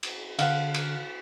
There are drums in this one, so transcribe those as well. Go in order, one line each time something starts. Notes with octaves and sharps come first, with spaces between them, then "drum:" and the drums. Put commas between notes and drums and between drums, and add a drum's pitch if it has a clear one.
drum: cymbal
D3 F5 F#5, drum: cymbal
drum: cymbal